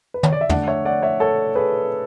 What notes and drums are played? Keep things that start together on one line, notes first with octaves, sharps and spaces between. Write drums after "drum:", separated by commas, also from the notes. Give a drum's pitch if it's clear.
B4
C#5, drum: tom
D5
E5
D3 A3 D4 D5 F#5, drum: tom
C#5 E5
D5 F#5
C#5 E5
A4 C#5
G#4 B4